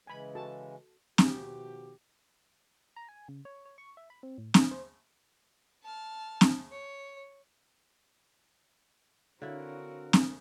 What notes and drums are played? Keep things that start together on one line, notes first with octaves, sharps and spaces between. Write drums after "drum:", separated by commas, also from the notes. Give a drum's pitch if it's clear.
C#3 E3 G#3 G#5 B5
F#4 A4 A5
B2 D#3 F3 F#4 G4, drum: snare C4
A#5
G#5
C#3
C#5
C#5
C#6
E5
B5
C4
A2
D3, drum: snare C4
C5
A5 F6
drum: snare C4
C#5
D3 C4 D4 E4 F#4 A#4 C#5 F5
drum: snare C4